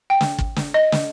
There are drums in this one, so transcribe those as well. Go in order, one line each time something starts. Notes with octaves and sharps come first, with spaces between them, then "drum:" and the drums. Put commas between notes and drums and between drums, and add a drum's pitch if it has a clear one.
G5
drum: snare
drum: kick
drum: snare
D#5
drum: snare